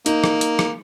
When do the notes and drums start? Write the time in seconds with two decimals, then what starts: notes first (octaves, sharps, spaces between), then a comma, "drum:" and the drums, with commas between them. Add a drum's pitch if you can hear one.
0.06 A#3 D#4, drum: hi-hat
0.24 drum: rim click
0.41 drum: hi-hat
0.59 drum: rim click